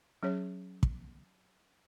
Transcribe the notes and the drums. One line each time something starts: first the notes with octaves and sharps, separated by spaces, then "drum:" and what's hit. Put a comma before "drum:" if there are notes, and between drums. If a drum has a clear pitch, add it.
F#3 C#4 G#4 C#5
drum: kick